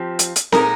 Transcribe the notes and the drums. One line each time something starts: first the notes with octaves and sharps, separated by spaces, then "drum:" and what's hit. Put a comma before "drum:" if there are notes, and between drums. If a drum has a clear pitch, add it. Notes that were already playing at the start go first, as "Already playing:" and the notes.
Already playing: F3 C4 G4
drum: hi-hat
drum: hi-hat
A#2 G#3 D#4 A#4, drum: snare C4